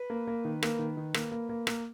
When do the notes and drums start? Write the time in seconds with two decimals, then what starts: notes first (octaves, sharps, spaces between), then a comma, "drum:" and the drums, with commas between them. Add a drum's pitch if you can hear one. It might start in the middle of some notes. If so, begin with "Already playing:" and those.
Already playing: B4
0.10 A#3
0.27 A#3
0.45 D#3
0.63 A#3, drum: rim click
0.79 D#3
0.97 D#3
1.14 A#3, drum: rim click
1.32 A#3
1.49 A#3
1.67 A#3, drum: rim click